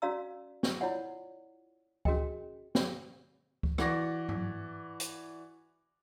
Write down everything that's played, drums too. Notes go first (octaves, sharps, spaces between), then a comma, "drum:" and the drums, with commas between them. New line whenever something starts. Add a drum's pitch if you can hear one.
C#4 F#4 D5 F5 A#5 E6
drum: snare
E4 F4 C#5 D5 F#5
C#4 F#4 G#4 A#4 D#5 G5, drum: kick C#2
drum: snare
drum: kick C#2
E3 F#4 D5 C#6 A#6, drum: rim click
drum: tom G#2
drum: hi-hat